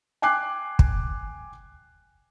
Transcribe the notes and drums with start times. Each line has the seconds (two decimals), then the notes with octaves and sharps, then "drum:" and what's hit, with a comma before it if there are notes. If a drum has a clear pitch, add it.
0.22 G5 G#5 D6 F#6 C7
0.79 drum: kick